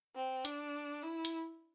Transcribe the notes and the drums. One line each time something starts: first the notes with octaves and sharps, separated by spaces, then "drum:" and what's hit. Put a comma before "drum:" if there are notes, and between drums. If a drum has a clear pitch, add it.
C4
D4, drum: hi-hat
E4
drum: hi-hat